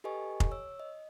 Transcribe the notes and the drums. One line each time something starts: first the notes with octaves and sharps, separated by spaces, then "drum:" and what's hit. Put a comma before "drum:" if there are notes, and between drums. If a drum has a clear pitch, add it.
G4 A4 B4 D#5 G#5 C#6
drum: kick F1
C#5 E6
D#5